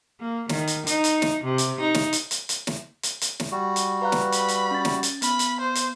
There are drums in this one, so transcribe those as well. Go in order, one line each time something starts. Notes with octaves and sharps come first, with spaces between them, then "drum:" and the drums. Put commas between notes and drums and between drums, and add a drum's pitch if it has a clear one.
A#3
D#3, drum: snare
drum: hi-hat
D#4, drum: hi-hat
drum: hi-hat
drum: snare
C3
drum: hi-hat
D#4
drum: snare
drum: hi-hat
drum: hi-hat
drum: hi-hat
drum: snare
drum: hi-hat
drum: hi-hat
drum: snare
G3 F#4
drum: hi-hat
B4 F5 A#5 F#6
drum: snare
B5, drum: hi-hat
drum: hi-hat
C#4 A6
drum: snare
drum: hi-hat
B3 B5, drum: hi-hat
drum: hi-hat
C5
drum: hi-hat